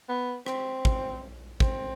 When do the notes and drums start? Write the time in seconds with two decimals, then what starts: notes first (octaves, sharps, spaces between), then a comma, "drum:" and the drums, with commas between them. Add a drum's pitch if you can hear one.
0.09 B3
0.46 C4, drum: rim click
0.85 drum: kick
1.60 C4, drum: kick